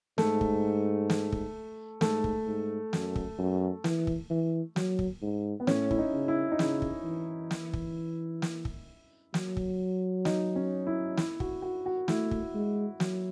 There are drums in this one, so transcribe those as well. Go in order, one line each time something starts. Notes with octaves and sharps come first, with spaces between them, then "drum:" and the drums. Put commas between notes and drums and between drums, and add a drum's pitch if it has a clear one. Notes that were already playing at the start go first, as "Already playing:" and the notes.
G#2 A3, drum: snare
drum: kick
drum: snare
drum: kick
G#2 A3, drum: snare
drum: kick
G#2
F#2, drum: snare
drum: kick
F#2
E3, drum: snare
drum: kick
E3
F#3, drum: snare
drum: kick
G#2
B3
A2 C#4, drum: snare
E4, drum: kick
D#4
C#3
E4
D#4
C#3 E4, drum: snare
drum: kick
E3
drum: snare
drum: kick
drum: snare
drum: kick
F#3, drum: snare
drum: kick
D#4, drum: snare
C#4
E4
E4, drum: snare
F#4, drum: kick
F#4
F#4
A3 E4, drum: snare
drum: kick
G#3
F#3, drum: snare